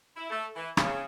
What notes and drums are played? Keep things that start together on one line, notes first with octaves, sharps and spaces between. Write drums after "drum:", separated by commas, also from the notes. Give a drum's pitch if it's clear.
E4
A3
E3
C#3, drum: rim click